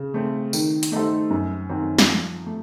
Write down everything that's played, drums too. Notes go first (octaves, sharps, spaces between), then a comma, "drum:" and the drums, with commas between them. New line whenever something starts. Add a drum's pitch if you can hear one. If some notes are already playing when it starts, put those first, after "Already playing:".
Already playing: C#3
A3 C4
D#3, drum: tambourine
drum: hi-hat
A3 D#4 A4 C5
F#2
D#3 F#3 C4
drum: snare
F3
A3